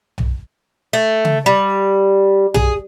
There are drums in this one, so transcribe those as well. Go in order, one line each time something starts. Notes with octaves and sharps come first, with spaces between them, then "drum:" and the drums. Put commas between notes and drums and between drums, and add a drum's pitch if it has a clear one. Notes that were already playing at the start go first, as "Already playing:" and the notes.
drum: tom B1
A3
drum: tom C#3
G3
G#4, drum: tom B1